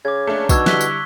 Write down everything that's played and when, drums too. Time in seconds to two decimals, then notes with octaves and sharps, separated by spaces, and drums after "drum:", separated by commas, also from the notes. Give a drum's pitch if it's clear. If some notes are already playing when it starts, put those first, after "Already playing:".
0.05 C#3 D6 G#6
0.27 A3 A#3 D4
0.49 B2 D#3 D4 C#6 E6 G#6, drum: kick, tambourine
0.66 D3 G3 E4 F#6 B6 G7, drum: snare
0.81 drum: tambourine
0.91 B6